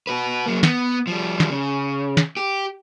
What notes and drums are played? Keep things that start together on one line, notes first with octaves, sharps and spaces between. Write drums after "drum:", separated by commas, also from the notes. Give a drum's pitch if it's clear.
F#4 B4
F#3 A#3
B3, drum: snare
F3 G3
drum: snare
C#3
drum: snare
G4